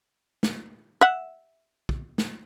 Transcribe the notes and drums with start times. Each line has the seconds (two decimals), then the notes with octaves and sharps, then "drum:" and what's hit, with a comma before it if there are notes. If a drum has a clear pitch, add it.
0.43 drum: snare
1.01 E5 F#5
1.89 drum: kick
2.18 drum: snare